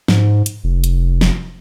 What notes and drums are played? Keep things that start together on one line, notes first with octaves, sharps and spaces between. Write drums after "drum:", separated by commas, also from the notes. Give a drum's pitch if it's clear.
G#2, drum: snare
drum: hi-hat
F1
drum: hi-hat
drum: snare